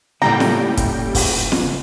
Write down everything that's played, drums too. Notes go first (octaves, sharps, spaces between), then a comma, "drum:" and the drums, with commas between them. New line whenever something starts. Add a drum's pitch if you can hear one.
A2 C#3 G3 A#3 F#5 G5 A#5
drum: snare
drum: kick, hi-hat
drum: kick, open hi-hat
drum: snare